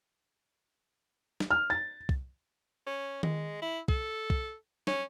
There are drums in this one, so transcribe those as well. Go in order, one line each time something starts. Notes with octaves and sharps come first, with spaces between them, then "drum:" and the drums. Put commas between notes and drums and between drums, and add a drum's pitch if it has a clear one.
drum: snare
F6
A6
drum: kick C2
C#4
G#3, drum: tom D#3
E4
A4, drum: kick C2
drum: kick C2
C#4, drum: snare